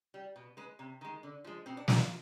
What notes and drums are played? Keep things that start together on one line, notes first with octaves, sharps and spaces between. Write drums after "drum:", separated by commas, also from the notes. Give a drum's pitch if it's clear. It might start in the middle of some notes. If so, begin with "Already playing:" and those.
G3
B2
G#3 B4
C3
D#3 G#3
D3
F3 G#3
B2 C4
D4
G3 D#4, drum: snare
F4